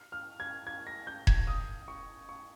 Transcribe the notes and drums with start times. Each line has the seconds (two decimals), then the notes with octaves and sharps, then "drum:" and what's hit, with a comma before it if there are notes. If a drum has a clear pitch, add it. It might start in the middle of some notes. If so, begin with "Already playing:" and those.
Already playing: F6
0.12 F6
0.40 G#6
0.67 G#6
0.87 A#6
1.07 G6
1.27 G#6, drum: kick E1
1.47 D#6
1.88 C#6
2.29 C#6